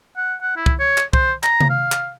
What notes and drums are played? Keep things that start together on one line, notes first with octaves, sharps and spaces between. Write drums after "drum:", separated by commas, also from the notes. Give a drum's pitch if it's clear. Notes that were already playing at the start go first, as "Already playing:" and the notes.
F#5
F#5
E4
drum: kick
C#5
drum: clap
C5, drum: kick
A#5, drum: clap
drum: tom C3
F5
drum: clap